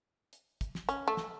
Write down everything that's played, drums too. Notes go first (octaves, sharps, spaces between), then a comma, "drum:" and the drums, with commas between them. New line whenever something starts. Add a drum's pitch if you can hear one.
drum: hi-hat
drum: kick, hi-hat
drum: snare
C#4, drum: hi-hat
A3
drum: snare